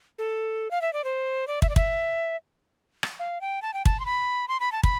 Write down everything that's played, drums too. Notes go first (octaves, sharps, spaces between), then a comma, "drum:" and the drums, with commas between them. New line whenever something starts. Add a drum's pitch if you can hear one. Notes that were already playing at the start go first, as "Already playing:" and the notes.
A4
F5
E5
D5
C5
D5
E5, drum: kick
D5
E5, drum: kick
drum: rim click
F5
G5
A5
G5
A5, drum: kick
C6
B5
C6
B5
A5
B5, drum: kick